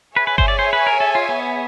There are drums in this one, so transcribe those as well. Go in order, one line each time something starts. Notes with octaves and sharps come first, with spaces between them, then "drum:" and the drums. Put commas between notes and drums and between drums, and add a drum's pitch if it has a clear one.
G#4 B4 C#5 E5 G#5
B4
C5, drum: kick G1
D5
C5
B4
A#4
A4
F4
B3